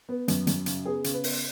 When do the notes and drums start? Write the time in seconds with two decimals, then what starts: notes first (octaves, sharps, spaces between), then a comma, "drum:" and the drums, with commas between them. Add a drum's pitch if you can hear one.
0.09 B3
0.28 F#2, drum: hi-hat
0.47 F#2, drum: hi-hat
0.66 C#3, drum: hi-hat
0.85 B3 G#4
1.04 C#3, drum: hi-hat
1.14 B4
1.24 B3, drum: open hi-hat